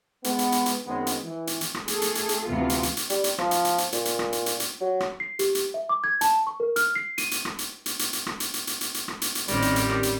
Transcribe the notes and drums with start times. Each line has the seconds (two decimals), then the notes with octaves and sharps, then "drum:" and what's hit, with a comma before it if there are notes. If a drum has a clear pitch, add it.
0.24 G#3 B3, drum: hi-hat
0.39 drum: hi-hat
0.52 drum: hi-hat
0.66 drum: hi-hat
0.87 F#2 D#3 F#3 G#3 B3 C4
1.07 drum: hi-hat
1.25 E3
1.47 drum: hi-hat
1.61 drum: hi-hat
1.74 drum: rim click
1.88 A3 G#4 A4, drum: hi-hat
2.02 drum: hi-hat
2.15 drum: hi-hat
2.29 drum: hi-hat
2.48 D2 C3 E3 B3 F4
2.70 drum: hi-hat
2.83 drum: hi-hat
2.97 drum: hi-hat
3.10 G3, drum: hi-hat
3.24 drum: hi-hat
3.38 F3, drum: rim click
3.51 drum: hi-hat
3.65 drum: hi-hat
3.78 drum: hi-hat
3.92 A#2, drum: hi-hat
4.05 drum: hi-hat
4.19 drum: rim click
4.33 drum: hi-hat
4.46 drum: hi-hat
4.60 drum: hi-hat
4.80 F#3
5.00 drum: rim click
5.20 C7
5.39 G4, drum: hi-hat
5.55 drum: hi-hat
5.74 E5
5.89 D6
6.04 G#6
6.21 A5, drum: hi-hat
6.47 C#6
6.60 A#4
6.76 F6, drum: hi-hat
6.95 C7
7.18 D#7, drum: hi-hat
7.31 drum: hi-hat
7.45 drum: rim click
7.59 drum: hi-hat
7.86 drum: hi-hat
7.99 drum: hi-hat
8.13 drum: hi-hat
8.26 drum: rim click
8.40 drum: hi-hat
8.54 drum: hi-hat
8.67 drum: hi-hat
8.81 drum: hi-hat
8.94 drum: hi-hat
9.08 drum: rim click
9.22 drum: hi-hat
9.35 drum: hi-hat
9.48 A1 D#3 G3 C4 C#4 A#4 D5, drum: hi-hat
9.62 drum: hi-hat
9.76 drum: hi-hat
9.89 drum: rim click
10.03 drum: hi-hat